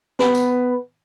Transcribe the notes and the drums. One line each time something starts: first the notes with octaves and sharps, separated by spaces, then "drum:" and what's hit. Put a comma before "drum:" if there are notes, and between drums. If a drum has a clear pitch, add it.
B3 B4, drum: snare
drum: tambourine